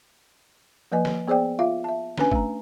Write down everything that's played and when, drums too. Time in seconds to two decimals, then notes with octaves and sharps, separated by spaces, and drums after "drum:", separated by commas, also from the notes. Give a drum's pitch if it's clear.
0.92 F3 A#3 B4 D#5 G#5
1.05 drum: snare
1.28 B3 G#4 C5 D5 G5
1.59 F4 E5 F5
1.84 E5 A5
2.18 C#4 D4 B4 G#5, drum: snare
2.32 A3 A#5, drum: kick